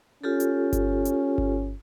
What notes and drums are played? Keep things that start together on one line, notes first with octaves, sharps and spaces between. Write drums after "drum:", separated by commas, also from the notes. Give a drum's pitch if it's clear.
C#4 F4 G4 A4
drum: hi-hat
drum: kick G1, hi-hat
drum: hi-hat
drum: kick G1